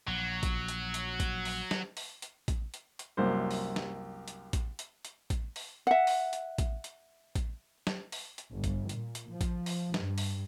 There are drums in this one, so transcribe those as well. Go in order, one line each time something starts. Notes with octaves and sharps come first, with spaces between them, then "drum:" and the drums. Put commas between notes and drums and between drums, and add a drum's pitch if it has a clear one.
A#1 F#3
drum: kick A1, hi-hat
drum: hi-hat
drum: hi-hat
drum: kick A1, hi-hat
drum: open hi-hat
drum: snare
drum: open hi-hat
drum: hi-hat
drum: kick A1, hi-hat
drum: hi-hat
drum: hi-hat
C2 F#2 A#3 C5
drum: open hi-hat
drum: snare
drum: hi-hat
drum: kick A1, hi-hat
drum: hi-hat
drum: hi-hat
drum: kick A1, hi-hat
drum: open hi-hat
E5 F#5
drum: open hi-hat
drum: hi-hat
drum: kick A1, hi-hat
drum: hi-hat
drum: kick A1, hi-hat
drum: snare
drum: open hi-hat
drum: hi-hat
G1
drum: kick A1, hi-hat
A#2, drum: hi-hat
drum: hi-hat
F3
drum: kick A1, hi-hat
drum: open hi-hat
G2, drum: snare
drum: open hi-hat